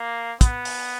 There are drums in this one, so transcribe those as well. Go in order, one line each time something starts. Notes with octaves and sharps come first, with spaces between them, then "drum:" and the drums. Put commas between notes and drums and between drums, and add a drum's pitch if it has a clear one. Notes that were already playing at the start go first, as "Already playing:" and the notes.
Already playing: A#3
B3, drum: kick, hi-hat
drum: open hi-hat